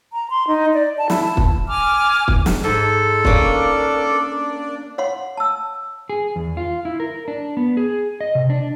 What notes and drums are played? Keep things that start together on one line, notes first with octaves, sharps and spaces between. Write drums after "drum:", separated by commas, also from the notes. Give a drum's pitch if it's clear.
A#5
C6
D#4
D5
A5
E4, drum: snare
A5
drum: kick
G#5 D6 F6
drum: kick
drum: snare
G#2 A4
A#3 C#4 D4 D5, drum: kick
C#5 F5 F#5 C6
A5 E6
G#4
E2
F4
E4
A#4
D4
B3
G#4
D#5
C3
D4